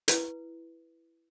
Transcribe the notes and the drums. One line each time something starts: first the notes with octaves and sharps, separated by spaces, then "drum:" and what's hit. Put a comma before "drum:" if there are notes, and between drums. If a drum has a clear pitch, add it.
E4 B4, drum: hi-hat